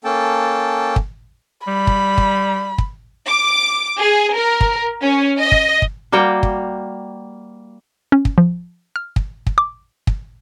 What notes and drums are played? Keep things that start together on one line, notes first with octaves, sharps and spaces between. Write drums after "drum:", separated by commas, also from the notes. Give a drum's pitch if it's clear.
A#3 C#4 A4 G5 A5
drum: kick
G3 B5
drum: kick
drum: kick
drum: kick
D6
G#4
A#4
drum: kick
C#4
D#5
drum: kick
drum: kick
G3 A#3 F#4 G5
drum: kick
C#4
drum: kick
F3
F6
drum: kick
drum: kick
D6
drum: kick